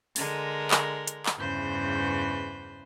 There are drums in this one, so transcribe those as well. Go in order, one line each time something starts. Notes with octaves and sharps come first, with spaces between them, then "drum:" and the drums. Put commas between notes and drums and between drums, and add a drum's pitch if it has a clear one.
D3 G#3 A#4, drum: open hi-hat
drum: clap
drum: hi-hat
drum: clap
E2 G2 C#3 B4 C5 G6